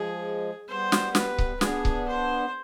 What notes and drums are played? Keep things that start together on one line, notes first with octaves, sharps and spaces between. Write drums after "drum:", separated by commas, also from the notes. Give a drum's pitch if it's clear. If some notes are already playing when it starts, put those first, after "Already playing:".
Already playing: F3 G#3 G#4
G3 B3 C5
drum: snare
B4, drum: snare
drum: kick C#1
B3 D4 G#4, drum: snare
drum: kick C#1
C5